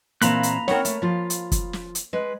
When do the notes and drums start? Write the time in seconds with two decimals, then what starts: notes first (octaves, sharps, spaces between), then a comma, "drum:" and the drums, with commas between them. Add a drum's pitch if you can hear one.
0.22 A#2 E3 A#3 C4 A#5 B5 F#6, drum: hi-hat
0.43 drum: hi-hat
0.68 C4 D#4 A#4 C#5 F#5, drum: snare
0.85 A3, drum: hi-hat
1.02 F3 F4
1.30 drum: hi-hat
1.52 drum: kick, hi-hat
1.73 drum: snare
1.95 drum: hi-hat
2.13 G#3 B4